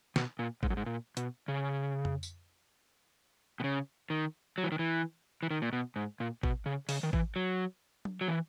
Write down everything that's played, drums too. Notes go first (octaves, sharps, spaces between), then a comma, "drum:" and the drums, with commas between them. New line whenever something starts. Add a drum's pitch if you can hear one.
B2, drum: snare
A#2
G#2, drum: kick G#1
F#2
G#2
A#2
B2, drum: hi-hat
C#3
drum: tom F2
drum: tambourine
B2
C#3
D#3
F#3
E3
D#3
E3
E3
D#3
A#2
B2
G#2
A#2
B2, drum: kick G#1
C#3
C#3, drum: open hi-hat
D#3
E3, drum: kick G#1
F#3
drum: tom F#3
F#3
E3